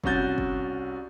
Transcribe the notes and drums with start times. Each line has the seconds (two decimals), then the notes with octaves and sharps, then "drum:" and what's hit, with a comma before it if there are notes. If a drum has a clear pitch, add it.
0.04 C2 C#4 F#4 G6 A6, drum: kick
0.38 drum: kick